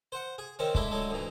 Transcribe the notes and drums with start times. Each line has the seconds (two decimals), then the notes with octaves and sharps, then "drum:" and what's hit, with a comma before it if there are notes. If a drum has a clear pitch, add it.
0.12 C5 F#5
0.38 G#4
0.59 D#3 C4 C#4
0.75 G#3 A3 D4 E4, drum: kick C#1
0.90 D3 F#3 G#3 A3
1.10 D2 G#2 E3